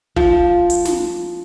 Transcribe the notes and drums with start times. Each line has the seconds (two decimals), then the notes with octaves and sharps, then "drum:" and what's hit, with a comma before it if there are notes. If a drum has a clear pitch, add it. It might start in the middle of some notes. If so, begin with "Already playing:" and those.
0.16 F3, drum: kick
0.70 drum: hi-hat
0.85 drum: snare